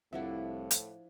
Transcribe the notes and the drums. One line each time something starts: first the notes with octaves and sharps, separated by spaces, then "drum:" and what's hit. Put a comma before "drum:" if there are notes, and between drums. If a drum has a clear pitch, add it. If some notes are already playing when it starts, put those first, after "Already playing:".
C2 A2 F3 D4 E4 E5 F#5
drum: hi-hat